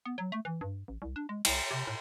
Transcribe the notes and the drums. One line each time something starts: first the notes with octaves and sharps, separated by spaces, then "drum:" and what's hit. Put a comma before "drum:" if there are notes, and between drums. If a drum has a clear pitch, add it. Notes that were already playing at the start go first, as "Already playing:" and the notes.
B3
F#3
A3
E3
G2
A1
C2
D4
G#3
C2, drum: cymbal
C3
A2